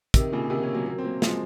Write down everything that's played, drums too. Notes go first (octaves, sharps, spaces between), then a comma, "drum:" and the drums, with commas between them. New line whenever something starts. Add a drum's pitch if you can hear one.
C3 D#3, drum: kick, hi-hat
A#2 C#3
C3 D#3
A#3 C#4
F#3 A#3
F#3 A#3
C4
F#3 A#3
F3 G#3, drum: snare